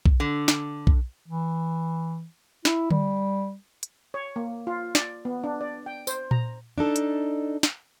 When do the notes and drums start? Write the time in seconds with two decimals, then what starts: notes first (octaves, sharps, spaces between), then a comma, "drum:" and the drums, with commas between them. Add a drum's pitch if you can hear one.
0.06 drum: kick B1
0.20 D3
0.48 drum: snare
0.87 drum: kick B1
1.28 E3
2.65 E4, drum: snare
2.91 G3, drum: tom D3
3.83 drum: hi-hat
4.14 C#5
4.36 A#3
4.67 F4
4.95 D5, drum: snare
5.25 B3
5.44 D4
5.61 D5
5.86 G5
6.07 C5, drum: tambourine
6.31 A#5, drum: tom A#2
6.78 D4 D#4 A4
6.96 drum: hi-hat
7.63 drum: snare